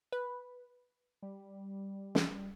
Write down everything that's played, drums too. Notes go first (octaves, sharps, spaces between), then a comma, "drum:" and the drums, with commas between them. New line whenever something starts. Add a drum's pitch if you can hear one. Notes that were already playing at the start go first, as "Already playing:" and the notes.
B4
G3
drum: snare